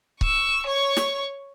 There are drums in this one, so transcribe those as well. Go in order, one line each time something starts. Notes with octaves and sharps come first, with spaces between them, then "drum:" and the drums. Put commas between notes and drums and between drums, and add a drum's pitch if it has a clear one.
C#6 E6, drum: kick C#1
C#5 C#6
drum: snare